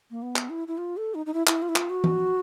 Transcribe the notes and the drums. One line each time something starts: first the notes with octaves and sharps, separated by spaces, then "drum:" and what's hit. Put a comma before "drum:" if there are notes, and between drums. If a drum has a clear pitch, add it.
A#3
B3
drum: clap
E4
E4
F4
A4
D#4
D#4
E4
E4, drum: clap
F4
E4
F4, drum: clap
F#4
drum: tom E3